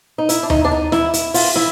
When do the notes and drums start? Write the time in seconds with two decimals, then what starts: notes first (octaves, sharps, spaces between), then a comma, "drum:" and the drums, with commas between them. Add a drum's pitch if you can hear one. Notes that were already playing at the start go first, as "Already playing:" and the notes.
0.18 D#4
0.29 E4, drum: hi-hat
0.43 D4
0.50 D#4, drum: tom D#2
0.65 D4
0.71 D#4
0.92 E4, drum: snare
1.14 E4, drum: hi-hat
1.34 F4, drum: open hi-hat
1.56 E4, drum: snare